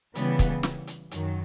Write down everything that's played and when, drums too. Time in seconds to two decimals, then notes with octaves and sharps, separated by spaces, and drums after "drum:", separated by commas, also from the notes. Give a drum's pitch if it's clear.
0.15 C#3 E3 G3 B3, drum: hi-hat
0.39 drum: kick, hi-hat
0.63 drum: snare
0.87 drum: hi-hat
1.11 F#2 D#3 F#3, drum: hi-hat